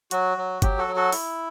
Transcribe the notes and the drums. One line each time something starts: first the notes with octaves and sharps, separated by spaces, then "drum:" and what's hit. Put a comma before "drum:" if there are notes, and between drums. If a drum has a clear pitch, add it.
F#3 F#4, drum: hi-hat
F#3
F#3 G4, drum: kick, hi-hat
F#4 A4
F#3
F#4 A4
E4, drum: open hi-hat